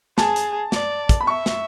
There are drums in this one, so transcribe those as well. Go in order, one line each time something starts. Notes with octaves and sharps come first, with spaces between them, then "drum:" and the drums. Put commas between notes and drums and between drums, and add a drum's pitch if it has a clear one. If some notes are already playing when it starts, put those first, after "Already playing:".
G#4 A5, drum: snare
drum: hi-hat
D5, drum: snare
drum: kick, hi-hat
B5
E5 C#6
drum: snare